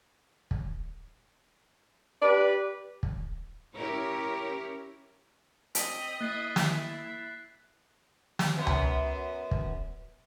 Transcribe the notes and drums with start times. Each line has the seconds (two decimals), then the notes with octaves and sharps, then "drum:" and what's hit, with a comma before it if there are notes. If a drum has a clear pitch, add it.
0.51 drum: kick
2.22 G4 B4 D5
3.03 drum: kick
3.75 C#4 E4 G4 A#4 C#5
5.75 C4 D#5 B6, drum: hi-hat
6.21 A#3 E4 F#6 A6 C7
6.56 drum: snare
8.39 drum: snare
8.55 F#2 B3
8.67 drum: tom C#2
9.51 drum: kick